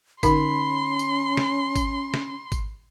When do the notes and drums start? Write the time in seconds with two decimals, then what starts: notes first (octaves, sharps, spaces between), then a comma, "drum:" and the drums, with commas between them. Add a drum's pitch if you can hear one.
0.23 D3 C#4 D#4 B5 C6, drum: kick G#1, tambourine
0.99 drum: tambourine
1.37 drum: snare
1.76 drum: kick G#1, tambourine
2.14 drum: snare
2.52 drum: kick G#1, tambourine